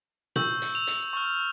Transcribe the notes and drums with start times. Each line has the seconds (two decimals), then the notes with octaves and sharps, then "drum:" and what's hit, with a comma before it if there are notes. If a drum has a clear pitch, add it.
0.36 C#6 E6 G6 F#7, drum: tom A#2
0.62 drum: hi-hat
0.75 F7
0.87 drum: hi-hat
1.13 C#6 F6